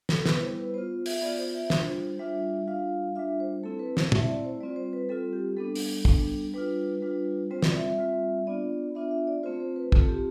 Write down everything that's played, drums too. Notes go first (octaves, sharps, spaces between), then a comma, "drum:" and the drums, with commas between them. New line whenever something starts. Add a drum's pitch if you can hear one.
A4, drum: snare
G3 B3 E4 B4, drum: snare
C5
B4
B3 F4 C5
E5, drum: open hi-hat
B3 F4 D5
C5
E5
G3 D4 F4 C5, drum: snare
C5
C5
G3 D4 F4 E5
G3 D4 F4 F5
G3 D4 F4 E5
C5
A3 C4 E4 A4
B4
C5, drum: snare
A3 C4 E4 E5, drum: tom
D5
C5
G3 C4 F4 D5
C5
B4
G3 C4 F4 A4
G4
G3 B3 D4 A4
drum: open hi-hat
G3 B3 D4, drum: kick
G3 D4 F4 B4
G3 D4 F4
G3 C4 F4 C5
D5, drum: snare
E5
E5
G3 C4 F4
B3 D4 F4 D5
B3 D4 F4 E5
E5
D5
A3 C4 F4 C5
C5
B4
A3 C4 F4 A4, drum: kick
G4